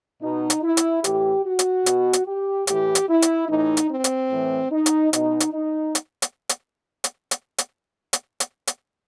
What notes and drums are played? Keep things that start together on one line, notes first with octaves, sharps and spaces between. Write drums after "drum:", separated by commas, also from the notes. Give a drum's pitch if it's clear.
B2 D#4
drum: hi-hat
E4
drum: hi-hat
A2 E3 G4, drum: hi-hat
F#4
drum: hi-hat
B2, drum: hi-hat
drum: hi-hat
G4
A2 E3 G4, drum: hi-hat
drum: hi-hat
E4
drum: hi-hat
A2 E3 D#4
drum: hi-hat
C4
drum: hi-hat
A2 E3
D#4
drum: hi-hat
B2 D#4, drum: hi-hat
drum: hi-hat
D#4
drum: hi-hat
drum: hi-hat
drum: hi-hat
drum: hi-hat
drum: hi-hat
drum: hi-hat
drum: hi-hat
drum: hi-hat
drum: hi-hat